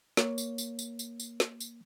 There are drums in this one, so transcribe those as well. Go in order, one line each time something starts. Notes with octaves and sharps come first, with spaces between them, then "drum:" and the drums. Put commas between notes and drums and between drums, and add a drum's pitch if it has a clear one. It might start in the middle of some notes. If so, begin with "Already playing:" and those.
A#3 C#5, drum: snare
drum: tambourine
drum: tambourine
drum: tambourine
drum: tambourine
drum: tambourine
drum: snare
drum: tambourine